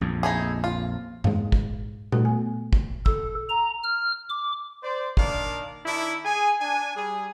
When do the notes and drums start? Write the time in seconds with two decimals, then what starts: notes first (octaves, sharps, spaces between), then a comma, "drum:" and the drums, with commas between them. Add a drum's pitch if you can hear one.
0.01 A#1 F2
0.23 D#4 E4 G#4
0.64 F4
1.24 G#2 G#3 F5, drum: tom F#2
1.52 drum: kick
2.12 A3 F#4 A4, drum: tom A#2
2.25 B3 G#5
2.73 drum: kick
3.06 A4, drum: kick
3.49 A#5
3.84 F6
4.29 D6
4.83 C5 D5
5.17 D#3 A#3 D4 D5 F5, drum: kick
5.85 D#3 D4 E4
6.25 G#4 G#5
6.60 D4 G#5
6.96 G3 G#4